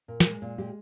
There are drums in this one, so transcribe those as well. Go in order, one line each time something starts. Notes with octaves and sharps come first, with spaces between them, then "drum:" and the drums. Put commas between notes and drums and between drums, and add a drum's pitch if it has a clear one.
A#2
G#4, drum: snare
G#3 A#4
A#2
G#3 G4